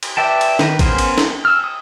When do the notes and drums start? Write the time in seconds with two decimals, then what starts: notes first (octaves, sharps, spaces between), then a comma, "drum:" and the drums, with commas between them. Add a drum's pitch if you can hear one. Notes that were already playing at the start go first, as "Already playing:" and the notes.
0.03 drum: cymbal
0.17 B4 D5 E5 G5 A5
0.41 drum: cymbal
0.59 D#3 D#4 B4, drum: snare
0.79 B3 C#4 G#4 A#4 C5, drum: kick, cymbal
0.98 drum: cymbal
1.18 drum: snare
1.45 E6 F6
1.64 D#6